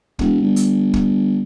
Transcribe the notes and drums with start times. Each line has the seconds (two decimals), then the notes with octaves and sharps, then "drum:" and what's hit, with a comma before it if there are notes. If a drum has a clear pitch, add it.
0.19 E1, drum: kick
0.42 G1
0.56 drum: hi-hat
0.94 drum: kick